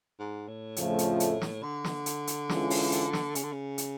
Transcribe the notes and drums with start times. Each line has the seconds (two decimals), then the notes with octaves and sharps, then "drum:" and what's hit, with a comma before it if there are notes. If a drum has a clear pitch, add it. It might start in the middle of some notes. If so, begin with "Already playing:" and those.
0.19 G#2
0.48 A2
0.76 F2 C#3 F3 A3, drum: hi-hat
0.99 drum: hi-hat
1.20 drum: hi-hat
1.41 drum: snare
1.63 D3
1.84 drum: snare
2.06 drum: hi-hat
2.27 drum: hi-hat
2.49 E3 G#3 C#4 F4, drum: snare
2.70 drum: open hi-hat
2.92 drum: hi-hat
3.13 drum: snare
3.35 C#3, drum: hi-hat
3.44 D3
3.52 C#3
3.78 drum: hi-hat